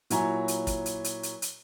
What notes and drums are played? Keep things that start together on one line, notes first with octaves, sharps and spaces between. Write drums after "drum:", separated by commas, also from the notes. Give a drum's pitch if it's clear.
A#2 F#3 E4 C#5 G#5 A#5, drum: hi-hat
drum: hi-hat
drum: kick, hi-hat
drum: hi-hat
drum: hi-hat
drum: hi-hat
drum: hi-hat